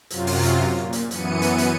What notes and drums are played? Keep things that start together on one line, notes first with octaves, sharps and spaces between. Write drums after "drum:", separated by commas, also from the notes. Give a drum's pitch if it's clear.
F#2 C3 F#3 F4, drum: hi-hat
drum: open hi-hat
drum: hi-hat
A#2
drum: hi-hat
F#2 E3 B3 C#7 D#7, drum: hi-hat
drum: hi-hat
drum: hi-hat